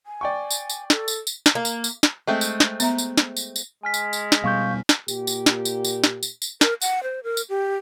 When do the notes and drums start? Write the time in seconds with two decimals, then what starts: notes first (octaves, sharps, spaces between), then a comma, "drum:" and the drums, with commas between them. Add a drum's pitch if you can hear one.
0.06 G#5
0.21 D5 G5 C#6
0.51 drum: tambourine
0.70 drum: tambourine
0.90 A4, drum: snare
1.08 drum: tambourine
1.27 drum: tambourine
1.46 drum: snare
1.55 A#3
1.65 drum: tambourine
1.84 drum: tambourine
2.03 drum: snare
2.27 G#3 A3 C4
2.41 drum: tambourine
2.60 drum: snare
2.80 B3 E5 A#5, drum: tambourine
2.98 drum: tambourine
3.17 drum: snare
3.37 drum: tambourine
3.56 drum: tambourine
3.83 G#3 G#5 F6 B6
3.94 drum: tambourine
4.13 drum: tambourine
4.32 drum: snare
4.44 B2 G3 F5 C#6 G6
4.89 drum: snare
5.08 A#2 G4, drum: tambourine
5.27 drum: tambourine
5.46 drum: snare
5.65 drum: tambourine
5.84 drum: tambourine
6.04 drum: snare
6.23 drum: tambourine
6.42 drum: tambourine
6.61 A#4, drum: snare
6.82 F#5, drum: tambourine
7.03 C5
7.24 A#4
7.37 drum: tambourine
7.49 G4